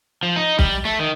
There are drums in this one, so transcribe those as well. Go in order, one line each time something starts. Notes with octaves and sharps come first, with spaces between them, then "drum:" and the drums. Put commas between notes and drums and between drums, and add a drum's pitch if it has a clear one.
F3
D#4
G3, drum: kick
A3
D#3